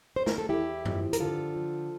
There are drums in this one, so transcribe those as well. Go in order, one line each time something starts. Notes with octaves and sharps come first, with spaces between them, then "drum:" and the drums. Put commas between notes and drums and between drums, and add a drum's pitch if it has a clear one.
C5
A#4, drum: snare
A4
E2 E4 G4
F3, drum: tom F#2
A#4, drum: hi-hat
D3 F4 A4
F3